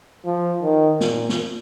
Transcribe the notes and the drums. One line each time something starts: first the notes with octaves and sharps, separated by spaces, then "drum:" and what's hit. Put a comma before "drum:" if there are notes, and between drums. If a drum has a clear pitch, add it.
F3
D#3
A#2, drum: snare
drum: snare